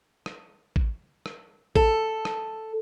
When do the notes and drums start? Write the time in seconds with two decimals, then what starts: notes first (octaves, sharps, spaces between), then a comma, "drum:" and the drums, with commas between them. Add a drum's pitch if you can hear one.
0.26 drum: rim click
0.76 drum: kick A1
1.26 drum: rim click
1.75 A4, drum: kick A1
2.25 drum: rim click